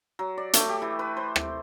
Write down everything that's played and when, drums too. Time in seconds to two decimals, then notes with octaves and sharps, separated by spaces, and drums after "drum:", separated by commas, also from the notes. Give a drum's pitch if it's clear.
0.19 F#3
0.38 D5
0.53 A3, drum: hi-hat
0.69 G4
0.82 E3
0.99 B4
1.17 C5
1.36 drum: rim click